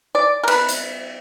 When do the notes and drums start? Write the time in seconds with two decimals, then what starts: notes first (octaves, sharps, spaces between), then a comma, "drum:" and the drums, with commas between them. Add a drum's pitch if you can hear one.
0.15 D5
0.43 A#4
0.48 B4, drum: cymbal
0.69 drum: hi-hat